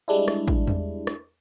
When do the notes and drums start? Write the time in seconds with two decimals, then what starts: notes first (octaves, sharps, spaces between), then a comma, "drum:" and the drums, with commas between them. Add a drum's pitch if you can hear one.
0.08 G3 G#3 D4 E4
0.28 drum: rim click
0.48 drum: kick A1
0.67 drum: tom E2
1.07 drum: rim click